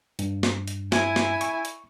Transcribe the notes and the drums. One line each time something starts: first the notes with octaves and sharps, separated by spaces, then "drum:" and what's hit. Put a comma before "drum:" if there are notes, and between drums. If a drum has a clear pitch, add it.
G2, drum: hi-hat
drum: snare
drum: hi-hat
E4 G#5, drum: snare
drum: snare
C#6, drum: hi-hat
drum: hi-hat